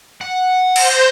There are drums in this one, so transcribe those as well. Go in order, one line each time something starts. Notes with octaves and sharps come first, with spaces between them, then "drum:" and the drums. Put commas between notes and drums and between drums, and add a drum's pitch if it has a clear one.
F#5
C5 G6 A#6, drum: cymbal